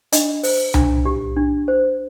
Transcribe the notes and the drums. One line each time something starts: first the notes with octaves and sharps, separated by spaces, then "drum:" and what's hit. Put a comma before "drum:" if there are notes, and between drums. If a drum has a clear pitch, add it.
D4 D#5, drum: hi-hat
C5, drum: open hi-hat
D4, drum: tom C2
G4
D4
C5